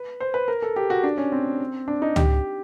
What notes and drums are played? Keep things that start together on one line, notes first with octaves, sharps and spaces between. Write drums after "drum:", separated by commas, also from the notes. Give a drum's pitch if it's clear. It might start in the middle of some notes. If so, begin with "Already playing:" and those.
Already playing: B4
C5
B4
A#4
A4
G4
F#4
D4
C#4
C4
D4
D#4
G4, drum: tom C#2